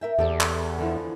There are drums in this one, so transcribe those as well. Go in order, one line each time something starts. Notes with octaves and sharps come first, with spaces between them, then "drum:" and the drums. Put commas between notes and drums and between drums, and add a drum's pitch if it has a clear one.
A#4 E5 G5
E2 G4 A4 D5
drum: clap
D3 E3 F3